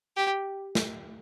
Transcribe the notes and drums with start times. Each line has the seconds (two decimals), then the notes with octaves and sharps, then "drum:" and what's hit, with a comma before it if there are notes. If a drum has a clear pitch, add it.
0.16 G4
0.75 drum: snare